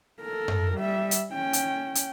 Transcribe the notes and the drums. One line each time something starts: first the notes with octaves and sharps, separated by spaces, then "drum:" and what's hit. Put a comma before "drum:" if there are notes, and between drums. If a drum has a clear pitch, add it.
A4 A#4
drum: tom F#2
G3 E5
drum: hi-hat
C#4 G5
drum: hi-hat
drum: hi-hat